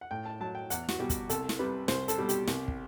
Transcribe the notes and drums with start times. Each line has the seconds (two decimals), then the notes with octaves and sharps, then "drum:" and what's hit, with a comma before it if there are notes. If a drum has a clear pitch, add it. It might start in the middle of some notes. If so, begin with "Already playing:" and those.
0.01 F#5
0.11 A2 G5
0.25 A5
0.40 F#3 A5
0.55 G5
0.70 E2 F#5, drum: hi-hat
0.89 F#4, drum: snare
0.99 B2 G3 G4
1.10 drum: kick, hi-hat
1.30 C2 A4, drum: hi-hat
1.49 drum: snare
1.59 C3 G3 B4
1.88 C2 C5, drum: snare
2.08 A4, drum: hi-hat
2.18 B2 G3
2.29 G4, drum: hi-hat
2.47 C2, drum: snare
2.68 drum: kick